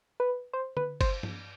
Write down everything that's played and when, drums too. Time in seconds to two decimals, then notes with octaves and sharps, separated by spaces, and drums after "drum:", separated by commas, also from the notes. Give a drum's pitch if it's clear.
0.20 B4
0.53 C5
0.77 B4, drum: tom D3
1.01 C5, drum: kick G1, cymbal
1.23 drum: tom G2